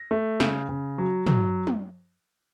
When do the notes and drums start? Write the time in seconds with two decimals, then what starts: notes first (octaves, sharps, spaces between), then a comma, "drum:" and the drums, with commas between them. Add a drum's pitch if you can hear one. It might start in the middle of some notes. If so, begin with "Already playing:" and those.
Already playing: A#6
0.11 A3
0.40 C#3, drum: snare
0.69 C#3
0.98 F#3
1.26 F#3, drum: tom
1.67 drum: tom